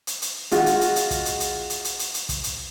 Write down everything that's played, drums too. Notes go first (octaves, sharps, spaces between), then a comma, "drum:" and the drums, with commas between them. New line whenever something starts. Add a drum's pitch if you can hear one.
drum: hi-hat
drum: hi-hat
G#3 F4 F#4, drum: hi-hat
drum: hi-hat
drum: hi-hat
drum: hi-hat
drum: kick, hi-hat
drum: hi-hat
drum: hi-hat
drum: hi-hat
drum: hi-hat
drum: hi-hat
drum: hi-hat
drum: kick, hi-hat
drum: hi-hat